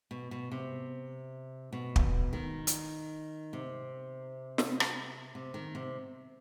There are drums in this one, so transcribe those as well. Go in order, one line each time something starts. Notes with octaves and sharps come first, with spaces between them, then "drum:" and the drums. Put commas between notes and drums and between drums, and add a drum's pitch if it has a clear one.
B2
B2
C3
B2
drum: kick
D#3
drum: hi-hat
C3
drum: snare
drum: rim click
C3
D#3
C3